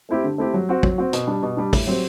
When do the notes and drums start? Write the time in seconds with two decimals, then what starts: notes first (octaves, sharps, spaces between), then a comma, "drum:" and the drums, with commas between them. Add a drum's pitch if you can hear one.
0.09 A3 C4 E4 G4
0.24 D3
0.38 A3 C4 E4 G4
0.54 F#3
0.69 C4 F#4
0.83 F#3, drum: kick
0.98 C4 F#4
1.13 B2, drum: hi-hat
1.27 G3 D4
1.43 B2
1.57 G3 D4
1.73 A2, drum: kick, open hi-hat
1.87 F#3 C4 G4